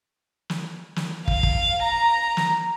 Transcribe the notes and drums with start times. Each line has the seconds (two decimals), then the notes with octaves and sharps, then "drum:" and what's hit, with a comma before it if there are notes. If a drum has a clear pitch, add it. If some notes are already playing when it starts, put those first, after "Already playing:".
0.50 drum: snare
0.96 drum: snare
1.28 F5, drum: kick
1.43 drum: kick
1.83 A#5
2.37 drum: snare